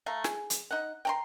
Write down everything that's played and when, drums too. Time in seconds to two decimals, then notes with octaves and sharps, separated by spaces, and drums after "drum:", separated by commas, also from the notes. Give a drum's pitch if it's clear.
0.06 A3 F5 A#5
0.24 G#4, drum: snare
0.50 drum: hi-hat
0.71 D#4 F#5
1.05 G5 A#5 C6